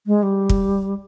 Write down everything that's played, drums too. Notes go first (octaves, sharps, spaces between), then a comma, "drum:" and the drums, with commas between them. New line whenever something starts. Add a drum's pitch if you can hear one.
G#3
G3
drum: kick